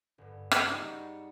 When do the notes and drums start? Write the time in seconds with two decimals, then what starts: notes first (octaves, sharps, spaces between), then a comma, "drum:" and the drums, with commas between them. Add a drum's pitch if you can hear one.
0.18 G1 G2
0.51 G#3 C4 F#5, drum: rim click
0.67 G3 D#4
0.82 C#6